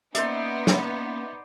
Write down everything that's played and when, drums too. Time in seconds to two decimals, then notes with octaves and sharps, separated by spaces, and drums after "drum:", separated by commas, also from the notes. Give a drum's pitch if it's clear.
0.15 A#3 B3 C#4 D#4 C5 D5 E5, drum: hi-hat
0.67 drum: snare